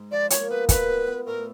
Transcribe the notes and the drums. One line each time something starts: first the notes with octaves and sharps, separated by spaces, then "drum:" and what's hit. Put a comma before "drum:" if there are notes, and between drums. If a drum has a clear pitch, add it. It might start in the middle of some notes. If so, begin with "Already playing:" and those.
Already playing: G#2
F3 D5
A#3 C#5, drum: hi-hat
B3 B4
A#2 B4, drum: kick, hi-hat
B3
B3
A2 A#4